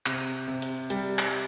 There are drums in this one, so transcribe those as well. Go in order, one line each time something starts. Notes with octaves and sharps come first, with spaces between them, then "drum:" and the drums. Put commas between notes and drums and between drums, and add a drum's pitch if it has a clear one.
C3, drum: clap
C3
drum: hi-hat
G3, drum: hi-hat
drum: clap